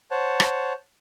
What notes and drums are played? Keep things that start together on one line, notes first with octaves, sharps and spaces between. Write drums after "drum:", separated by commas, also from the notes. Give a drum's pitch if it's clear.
C5 C#5 F#5 A5
drum: rim click